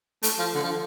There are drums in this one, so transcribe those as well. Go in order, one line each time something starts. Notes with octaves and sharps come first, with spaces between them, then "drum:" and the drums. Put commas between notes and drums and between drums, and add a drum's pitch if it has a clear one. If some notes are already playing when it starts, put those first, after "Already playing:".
A3, drum: hi-hat
F3
D3
F3